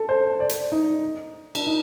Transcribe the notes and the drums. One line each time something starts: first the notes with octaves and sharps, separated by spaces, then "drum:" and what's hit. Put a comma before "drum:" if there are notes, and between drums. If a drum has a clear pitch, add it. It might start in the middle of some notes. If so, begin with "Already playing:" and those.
Already playing: A4
C5
D5
drum: hi-hat
D#4
D4, drum: cymbal
D#4